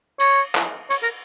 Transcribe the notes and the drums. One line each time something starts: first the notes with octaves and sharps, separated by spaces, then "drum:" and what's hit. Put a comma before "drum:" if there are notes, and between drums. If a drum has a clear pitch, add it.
C#5, drum: cymbal
drum: clap
C#5, drum: cymbal
A#4